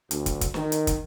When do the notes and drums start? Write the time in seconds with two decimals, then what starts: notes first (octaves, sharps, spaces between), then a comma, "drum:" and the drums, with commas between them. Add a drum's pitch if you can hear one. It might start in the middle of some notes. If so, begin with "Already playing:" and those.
0.11 D2, drum: hi-hat
0.26 drum: kick, hi-hat
0.41 drum: kick, hi-hat
0.54 D#3, drum: snare
0.72 drum: hi-hat
0.87 drum: kick, hi-hat